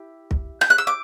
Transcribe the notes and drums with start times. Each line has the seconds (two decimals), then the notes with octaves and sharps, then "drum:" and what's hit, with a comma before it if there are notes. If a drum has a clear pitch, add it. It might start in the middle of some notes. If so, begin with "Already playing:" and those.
Already playing: E4 G4
0.31 drum: kick
0.61 G6, drum: rim click
0.70 F#6
0.78 E6
0.87 D6